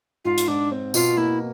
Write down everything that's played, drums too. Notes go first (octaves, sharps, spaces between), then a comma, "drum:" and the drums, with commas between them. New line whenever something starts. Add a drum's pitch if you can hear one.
G#2 F4
drum: hi-hat
G#2 D4
C4
B2 F4, drum: tambourine
A#3 E4